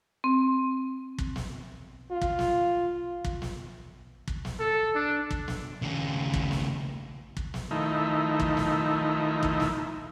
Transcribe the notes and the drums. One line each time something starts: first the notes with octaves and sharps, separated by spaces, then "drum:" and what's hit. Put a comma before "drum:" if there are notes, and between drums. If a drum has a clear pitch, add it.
C4
drum: kick
drum: snare
F4
drum: kick
drum: snare
drum: kick
drum: snare
drum: kick
drum: snare
A4
D4
drum: kick
drum: snare
D#2 C#3
drum: kick
drum: snare
drum: kick
drum: snare
D#3 F3 A3 D#4 E4
drum: kick
drum: snare
drum: kick
drum: snare